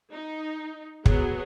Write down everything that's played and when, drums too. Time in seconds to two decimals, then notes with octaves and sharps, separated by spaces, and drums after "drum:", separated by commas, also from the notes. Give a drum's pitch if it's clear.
0.13 D#4
1.06 F#3 B3 G#4, drum: kick